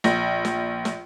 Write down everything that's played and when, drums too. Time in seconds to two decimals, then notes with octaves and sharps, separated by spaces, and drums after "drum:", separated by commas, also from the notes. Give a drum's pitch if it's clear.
0.04 A#1, drum: snare
0.45 drum: snare
0.85 drum: snare